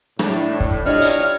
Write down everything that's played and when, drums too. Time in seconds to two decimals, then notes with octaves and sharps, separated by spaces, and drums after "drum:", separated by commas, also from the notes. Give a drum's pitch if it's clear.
0.19 A2 D4, drum: rim click
0.60 drum: kick
0.85 D4 E4 F4 G4 C#5 D#5 F6
1.01 drum: hi-hat